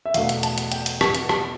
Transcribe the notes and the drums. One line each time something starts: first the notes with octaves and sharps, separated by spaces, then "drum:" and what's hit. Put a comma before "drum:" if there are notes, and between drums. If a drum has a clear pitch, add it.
E5
E2 B2 A3 F5, drum: hi-hat
drum: hi-hat
A5, drum: hi-hat
drum: hi-hat
G5, drum: hi-hat
drum: hi-hat
A5, drum: rim click
drum: hi-hat
A5, drum: rim click